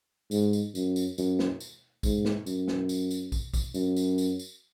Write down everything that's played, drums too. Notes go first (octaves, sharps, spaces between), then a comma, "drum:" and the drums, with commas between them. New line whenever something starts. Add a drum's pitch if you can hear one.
G#2, drum: tambourine
drum: tambourine
F#2, drum: tambourine
drum: tambourine
F#2, drum: tambourine
drum: snare
drum: tambourine
G#2, drum: kick, tambourine
drum: snare
F#2, drum: tambourine
drum: snare
drum: tambourine
drum: tambourine
drum: kick, tambourine
drum: kick, tambourine
F#2, drum: tambourine
drum: tambourine
drum: tambourine
drum: tambourine